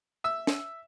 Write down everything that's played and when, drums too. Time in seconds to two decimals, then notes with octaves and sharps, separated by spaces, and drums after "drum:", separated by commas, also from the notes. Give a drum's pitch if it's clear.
0.24 E5 E6
0.47 drum: snare